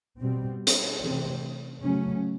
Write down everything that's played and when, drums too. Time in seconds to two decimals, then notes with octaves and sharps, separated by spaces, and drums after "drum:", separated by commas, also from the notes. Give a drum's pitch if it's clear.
0.19 B2 G3 C4
0.67 drum: hi-hat
1.01 C3 E3 A3 C4
1.83 C#3 F#3 A3 C#4